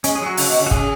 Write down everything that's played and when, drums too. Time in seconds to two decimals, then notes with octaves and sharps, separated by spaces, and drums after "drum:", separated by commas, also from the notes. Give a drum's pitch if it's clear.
0.04 G#3 C#4, drum: hi-hat
0.16 G#4
0.21 F#3
0.26 F#4
0.37 C#3, drum: open hi-hat
0.49 B2
0.60 C#3
0.66 F#4
0.71 C#3 G#4, drum: kick